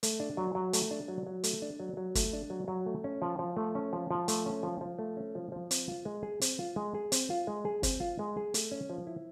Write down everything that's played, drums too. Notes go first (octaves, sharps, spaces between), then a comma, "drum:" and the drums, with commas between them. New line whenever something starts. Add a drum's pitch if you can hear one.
A3, drum: hi-hat
D4
F#3
F#3
A3, drum: hi-hat
D4
F#3
F#3
A3, drum: hi-hat
D4
F#3
F#3
A3, drum: kick, hi-hat
D4
F#3
F#3
A3
C#4
F3
F3
A3
C#4
F3
F3
A3, drum: hi-hat
C#4
F3
F3
A3
C#4
F3
F3
C4, drum: hi-hat
F4
G#3
G#4
C4, drum: hi-hat
F4
G#3
G#4
C4, drum: hi-hat
F4
G#3
G#4
C4, drum: kick, hi-hat
F4
G#3
G#4
A3, drum: hi-hat
C#4
F3
E4